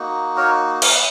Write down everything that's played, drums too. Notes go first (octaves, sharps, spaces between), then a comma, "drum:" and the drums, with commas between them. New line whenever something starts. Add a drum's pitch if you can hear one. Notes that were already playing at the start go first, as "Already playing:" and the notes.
Already playing: A#3 D#4 F#4
A#4 C#5
A#4, drum: cymbal
B4